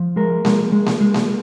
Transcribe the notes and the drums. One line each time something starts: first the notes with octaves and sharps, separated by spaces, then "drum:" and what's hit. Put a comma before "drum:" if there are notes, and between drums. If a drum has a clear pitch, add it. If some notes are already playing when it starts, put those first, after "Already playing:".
Already playing: F3
G#3 A#4
G#3, drum: snare A#3
G#3
drum: snare A#3
G#3
drum: snare A#3